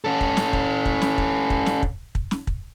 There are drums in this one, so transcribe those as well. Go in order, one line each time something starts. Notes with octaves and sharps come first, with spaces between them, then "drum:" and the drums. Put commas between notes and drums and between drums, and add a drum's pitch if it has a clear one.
C#4 A4
drum: kick
drum: snare
drum: kick
drum: kick
drum: snare
drum: kick
drum: kick
drum: snare
drum: kick
drum: kick
drum: snare
drum: kick